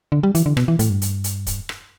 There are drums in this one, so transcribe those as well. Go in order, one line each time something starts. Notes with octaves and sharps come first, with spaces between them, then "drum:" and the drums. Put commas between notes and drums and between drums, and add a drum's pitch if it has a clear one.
D3
G3
E3, drum: hi-hat
D3
B2, drum: rim click
E3
A2, drum: hi-hat
G2
drum: hi-hat
drum: hi-hat
drum: kick, hi-hat
drum: rim click